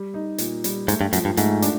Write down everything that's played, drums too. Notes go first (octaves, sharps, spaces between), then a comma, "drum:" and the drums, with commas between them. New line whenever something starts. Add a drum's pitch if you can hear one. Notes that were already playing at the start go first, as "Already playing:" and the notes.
Already playing: G3
D#4
A#2, drum: hi-hat
G3, drum: hi-hat
G#2 A3, drum: hi-hat
G2
F#2 F3, drum: hi-hat
G2
G#2 A3, drum: hi-hat
D4, drum: hi-hat